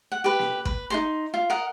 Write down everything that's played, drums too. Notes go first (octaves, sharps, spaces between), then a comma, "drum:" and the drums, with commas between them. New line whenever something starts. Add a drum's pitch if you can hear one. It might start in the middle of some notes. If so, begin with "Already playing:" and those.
F#5
G4 B4
drum: snare A#3
B4, drum: kick
D#4 A4 C6
F4
A#4 D#5 F#5